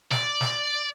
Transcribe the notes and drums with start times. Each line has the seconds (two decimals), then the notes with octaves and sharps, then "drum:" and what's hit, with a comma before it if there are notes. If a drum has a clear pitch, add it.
0.11 D5, drum: snare
0.41 drum: snare